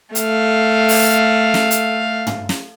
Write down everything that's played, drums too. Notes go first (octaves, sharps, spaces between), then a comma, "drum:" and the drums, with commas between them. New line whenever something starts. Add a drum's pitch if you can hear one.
A3 F5, drum: hi-hat
drum: open hi-hat
drum: snare
drum: hi-hat
drum: tom
drum: snare